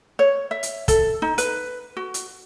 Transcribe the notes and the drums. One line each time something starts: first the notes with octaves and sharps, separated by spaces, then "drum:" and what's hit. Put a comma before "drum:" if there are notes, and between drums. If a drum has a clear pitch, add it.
C#5
E5
drum: hi-hat
A4, drum: kick, hi-hat
D#4
B4, drum: hi-hat
F#4
drum: hi-hat